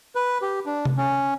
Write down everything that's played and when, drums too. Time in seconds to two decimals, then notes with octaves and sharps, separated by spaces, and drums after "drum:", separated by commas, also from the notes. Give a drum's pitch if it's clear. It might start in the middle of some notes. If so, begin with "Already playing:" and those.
0.15 B4
0.42 G4
0.66 D4
0.85 drum: tom C3
0.97 C#4